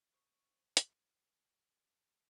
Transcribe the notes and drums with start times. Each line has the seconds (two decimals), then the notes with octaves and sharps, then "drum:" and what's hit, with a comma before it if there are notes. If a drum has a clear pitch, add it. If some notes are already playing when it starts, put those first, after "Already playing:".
0.13 C5 C#6 D#6
0.77 drum: hi-hat